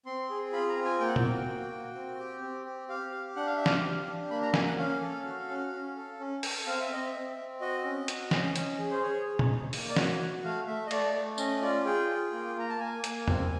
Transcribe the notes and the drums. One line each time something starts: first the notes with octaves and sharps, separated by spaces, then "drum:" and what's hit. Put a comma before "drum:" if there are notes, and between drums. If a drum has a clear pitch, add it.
C4 C6
G#4
F4 B5
A#5
C4
G#5
A#3 G5
F#5
G5, drum: tom A#2
F#4
A#3
F#4
C4
G4
C4
G4
G4 F5
G4
D4 F#5
F5
G4 E5
F5, drum: snare
G4
D4
A#3 B5
A#5
A#3 G#5, drum: snare
F#5
C#4 F5
A4
F#4
C#4
C#4
A4
C#4
A4, drum: open hi-hat
C4 F5
E5
C4 D#5
E5
C4
C4
F#4 D#5
C#4
F#4, drum: hi-hat
C#4, drum: snare
C#4, drum: hi-hat
G#4
C5
G#4 C#5
G#4
drum: tom A#2
D#4
A#3, drum: open hi-hat
D5
F#4 C#5, drum: snare
F#4
A3 F5
A3 E5
D#5
A3 D5, drum: cymbal
A3
C#4 D#5, drum: tambourine
F4 D5
G#4 G5
F4
A#3
A#3 A#5
A5
A#3 G#5
A#3, drum: hi-hat
C4, drum: tom E2